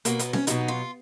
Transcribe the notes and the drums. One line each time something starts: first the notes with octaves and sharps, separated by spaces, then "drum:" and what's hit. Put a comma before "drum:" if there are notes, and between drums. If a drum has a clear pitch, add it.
B2 F#3 A#3, drum: hi-hat
B3, drum: hi-hat
C#4, drum: snare C4
B2 F#3 D#4, drum: hi-hat
F4